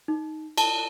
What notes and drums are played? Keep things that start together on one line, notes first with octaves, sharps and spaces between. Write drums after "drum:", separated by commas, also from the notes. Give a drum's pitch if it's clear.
D#4
A5, drum: cymbal